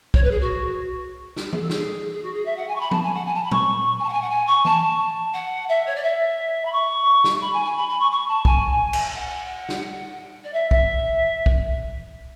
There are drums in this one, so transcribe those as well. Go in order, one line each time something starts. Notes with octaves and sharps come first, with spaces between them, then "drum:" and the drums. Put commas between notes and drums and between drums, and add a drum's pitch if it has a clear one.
C#5, drum: kick
B4
G#4
F#4
drum: snare
G#4, drum: tom E3
A4
G#4, drum: snare
G#4
F#4
G#4
E5
F#5
G#5
C#6
B5
A5, drum: tom F3
G#5
F#5
G#5
A5
B5
C#6, drum: tom A#2
G#5
A5
F#5
G#5
F#5
G#5
C#6
A5, drum: tom E3
F#5
E5
C#5
D5
E5
B5
C#6
drum: snare
B5
G#5
G#5
B5
B5
C#6
C#6
A5
G#5, drum: kick
drum: cymbal
F#5
drum: snare
D5
E5
E5, drum: kick
drum: kick